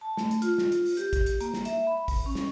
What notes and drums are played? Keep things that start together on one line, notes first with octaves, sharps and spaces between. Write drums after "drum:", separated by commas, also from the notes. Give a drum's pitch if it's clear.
A5
A3, drum: snare
drum: hi-hat
F4, drum: hi-hat
drum: snare
drum: hi-hat
drum: open hi-hat
G4, drum: hi-hat
drum: kick, hi-hat
drum: hi-hat
A#3, drum: hi-hat
drum: snare
E5, drum: hi-hat
B5
drum: kick, open hi-hat
C#4
drum: snare